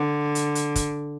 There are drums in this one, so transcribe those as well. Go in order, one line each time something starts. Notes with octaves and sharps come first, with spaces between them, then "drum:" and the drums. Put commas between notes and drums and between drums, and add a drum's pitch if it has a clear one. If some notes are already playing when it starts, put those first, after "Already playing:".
Already playing: D3
drum: hi-hat
drum: hi-hat
drum: kick, hi-hat